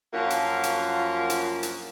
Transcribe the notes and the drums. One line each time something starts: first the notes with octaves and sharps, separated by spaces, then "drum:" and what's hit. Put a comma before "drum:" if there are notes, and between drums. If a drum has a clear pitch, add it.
F#2 F3 A#3 C#4 F4 F#4
drum: hi-hat
drum: hi-hat
drum: hi-hat
drum: hi-hat